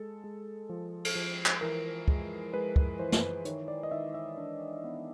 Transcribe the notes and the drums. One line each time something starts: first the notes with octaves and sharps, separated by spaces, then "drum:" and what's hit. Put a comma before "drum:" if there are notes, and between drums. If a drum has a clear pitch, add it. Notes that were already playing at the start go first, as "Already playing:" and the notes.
Already playing: G#3 A4
G#3
F3
drum: cymbal
F3
drum: clap
E3 A#4
G#3, drum: kick
G#3 B4
drum: kick
E3 C5
drum: snare
D#3 C#5, drum: hi-hat
D5
D#5
D#3 E5
E5
D4
B3